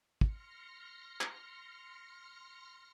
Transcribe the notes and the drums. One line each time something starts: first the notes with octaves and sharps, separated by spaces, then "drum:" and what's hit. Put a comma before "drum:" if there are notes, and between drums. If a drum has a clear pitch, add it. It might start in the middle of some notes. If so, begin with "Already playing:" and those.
C6 F6 A#6 C#7, drum: kick
drum: clap